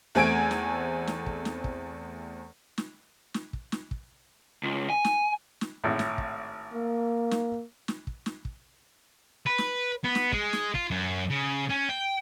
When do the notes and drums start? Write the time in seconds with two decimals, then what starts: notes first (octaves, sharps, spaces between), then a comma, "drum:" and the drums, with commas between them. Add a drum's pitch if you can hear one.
0.15 E2 A3 C4 G#5 G#6 D7
0.51 drum: snare
1.07 drum: snare
1.26 drum: kick
1.45 drum: snare
1.64 drum: kick
2.78 drum: snare
3.34 drum: snare
3.53 drum: kick
3.72 drum: snare
3.91 drum: kick
4.63 C#2
4.90 G#5
5.04 drum: snare
5.61 drum: snare
5.84 G#1 A2
5.99 drum: snare
6.18 drum: kick
6.74 A#3
7.31 drum: snare
7.88 drum: snare
8.07 drum: kick
8.26 drum: snare
8.45 drum: kick
9.46 B4
9.58 drum: snare
10.04 B3
10.15 drum: snare
10.32 G#3, drum: kick
10.53 drum: snare
10.75 F4, drum: kick
10.91 F#2
11.30 C#3
11.69 C#4
11.89 G5